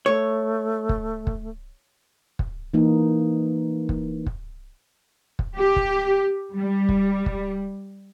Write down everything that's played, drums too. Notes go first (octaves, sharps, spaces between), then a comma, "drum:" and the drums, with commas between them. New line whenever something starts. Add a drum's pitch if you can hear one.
A3 C#5
drum: kick
drum: kick
drum: kick
E3 A#3 D#4
drum: kick
drum: kick
drum: kick
G4
drum: kick
G3
drum: kick
drum: kick